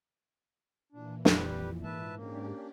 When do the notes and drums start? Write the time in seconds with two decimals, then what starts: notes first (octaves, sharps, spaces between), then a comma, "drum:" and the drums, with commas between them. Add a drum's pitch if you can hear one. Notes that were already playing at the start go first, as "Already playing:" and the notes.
0.92 A#2 E3 D4
1.25 F2 G3 G4 B4, drum: snare
1.84 G#2 B4 E5 A5
2.15 A#3 C#4 D4 G4